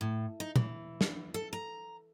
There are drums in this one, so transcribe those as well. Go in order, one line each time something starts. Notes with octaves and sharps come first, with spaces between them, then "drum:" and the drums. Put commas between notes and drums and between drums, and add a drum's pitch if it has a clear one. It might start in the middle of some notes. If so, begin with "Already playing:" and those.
A2
D#4
E3, drum: tom
drum: snare
A4
A#5